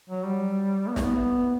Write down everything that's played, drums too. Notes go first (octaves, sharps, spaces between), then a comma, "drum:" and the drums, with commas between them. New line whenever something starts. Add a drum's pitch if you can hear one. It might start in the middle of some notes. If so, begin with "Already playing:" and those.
F#3
G3
B3
A3, drum: snare
B3